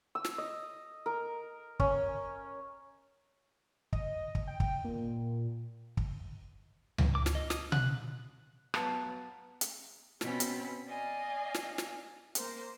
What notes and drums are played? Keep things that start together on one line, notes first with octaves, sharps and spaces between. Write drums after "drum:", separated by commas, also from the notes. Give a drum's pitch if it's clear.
E6
drum: snare
D#5
A#4
C#4, drum: kick
D#5, drum: kick
drum: kick
G5
drum: kick
A#2
drum: kick
drum: tom C#2
D6
drum: snare
D#5
D#6, drum: snare
F#6, drum: tom B2
F#3 B3 F5 A5, drum: rim click
drum: hi-hat
B2 C4 C#4 B5, drum: snare
drum: hi-hat
D5 D#5 F5 G#5
drum: snare
drum: snare
A#3 A#4 C5, drum: hi-hat